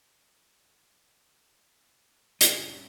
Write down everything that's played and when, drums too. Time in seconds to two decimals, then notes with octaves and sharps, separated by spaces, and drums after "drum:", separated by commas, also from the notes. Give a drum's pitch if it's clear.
2.41 F#1 G3 C#4 D4 G#5, drum: hi-hat